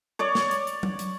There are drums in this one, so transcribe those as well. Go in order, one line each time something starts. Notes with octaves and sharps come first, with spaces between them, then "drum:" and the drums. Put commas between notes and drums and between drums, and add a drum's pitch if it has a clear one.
C#5 D5
drum: snare
drum: hi-hat
drum: hi-hat
drum: tom
drum: hi-hat